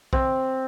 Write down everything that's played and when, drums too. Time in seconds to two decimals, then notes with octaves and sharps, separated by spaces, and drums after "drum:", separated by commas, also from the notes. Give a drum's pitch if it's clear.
0.13 C4, drum: kick